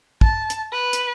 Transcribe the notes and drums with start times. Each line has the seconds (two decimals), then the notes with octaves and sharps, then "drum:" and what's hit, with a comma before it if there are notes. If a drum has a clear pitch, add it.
0.21 A5, drum: kick
0.50 drum: hi-hat
0.72 B4
0.93 drum: hi-hat